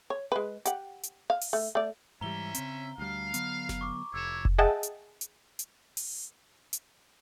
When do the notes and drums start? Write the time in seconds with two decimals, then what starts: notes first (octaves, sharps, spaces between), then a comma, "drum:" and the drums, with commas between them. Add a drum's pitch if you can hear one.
0.10 C#5
0.32 G#3 B4
0.65 G4 F#5, drum: hi-hat
1.03 drum: hi-hat
1.30 F5
1.41 drum: open hi-hat
1.53 A3
1.75 A3 D5
2.21 G#2 E3 G3 C#4 E5 A#5 G7
2.54 C#3 C4, drum: hi-hat
2.98 D2 G3 F5
3.34 D3 F#3 B3, drum: hi-hat
3.69 drum: snare F#1
3.81 C#6 D6
4.14 F1 E4 A4 C#5 E6 E7
4.45 drum: kick F1
4.58 G#4 D#5 E5 F#5 G5 A5
4.83 drum: hi-hat
5.21 drum: hi-hat
5.59 drum: hi-hat
5.97 drum: open hi-hat
6.73 drum: hi-hat